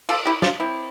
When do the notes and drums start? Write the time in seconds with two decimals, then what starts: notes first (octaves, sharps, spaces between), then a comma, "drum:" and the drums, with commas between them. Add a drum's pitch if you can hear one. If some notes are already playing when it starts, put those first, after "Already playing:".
0.09 F4 A4, drum: cymbal
0.25 E4 G4
0.42 D4 F4, drum: snare
0.60 C4 E4